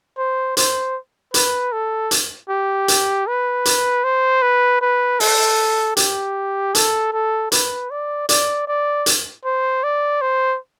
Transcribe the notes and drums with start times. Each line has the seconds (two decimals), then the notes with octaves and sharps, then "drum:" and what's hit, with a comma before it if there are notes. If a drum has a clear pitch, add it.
0.18 C5
0.57 C5, drum: hi-hat
1.34 B4, drum: hi-hat
1.72 A4
2.11 drum: hi-hat
2.49 G4
2.88 drum: hi-hat
3.27 B4
3.65 drum: hi-hat
4.04 C5
4.42 B4
4.81 B4
5.20 A4, drum: open hi-hat
5.97 G4, drum: hi-hat
6.75 A4, drum: hi-hat
7.13 A4
7.52 B4, drum: hi-hat
7.91 D5
8.29 D5, drum: hi-hat
8.67 D5
9.06 drum: hi-hat
9.45 C5
9.84 D5
10.21 C5